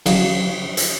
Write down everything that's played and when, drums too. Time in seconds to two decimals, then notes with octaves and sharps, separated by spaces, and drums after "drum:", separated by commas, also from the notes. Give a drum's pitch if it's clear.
0.06 C#3 F#3, drum: cymbal
0.77 drum: hi-hat